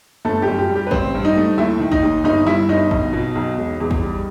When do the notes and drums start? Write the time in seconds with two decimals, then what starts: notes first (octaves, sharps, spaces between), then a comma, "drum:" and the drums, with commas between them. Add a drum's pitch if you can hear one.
0.25 G1 A3 A4
0.42 G4
0.48 F#2
0.59 G4
0.70 G3
0.76 G4
0.87 B4
0.91 A1 C4 C5, drum: kick
1.14 G2
1.25 D#4 D#5
1.36 A3
1.58 D#2 E4 E5
1.80 D#3
1.92 D#4 D#5, drum: kick
2.03 D#2
2.24 G1 D#4 D#5
2.46 G2 E4 E5
2.69 G1 D#4 D#5
2.91 B1, drum: kick
3.13 B2
3.35 B1
3.57 E1
3.80 E2
3.91 drum: kick
4.02 G3